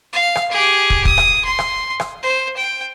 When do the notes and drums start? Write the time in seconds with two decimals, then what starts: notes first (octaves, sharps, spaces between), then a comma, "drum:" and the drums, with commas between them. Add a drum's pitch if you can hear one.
0.13 F5
0.35 drum: rim click
0.51 G4 G#4
0.90 drum: kick
1.05 D#6, drum: kick
1.18 drum: rim click
1.45 C6
1.59 drum: rim click
2.00 drum: rim click
2.23 C5
2.57 G5